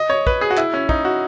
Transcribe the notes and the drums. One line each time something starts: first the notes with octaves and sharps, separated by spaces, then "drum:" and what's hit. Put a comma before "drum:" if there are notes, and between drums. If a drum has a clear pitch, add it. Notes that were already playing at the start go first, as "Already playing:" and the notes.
Already playing: D#5
C#5
B4, drum: kick
G#4
F#4
E4, drum: clap
C#4
D#4, drum: kick
F#4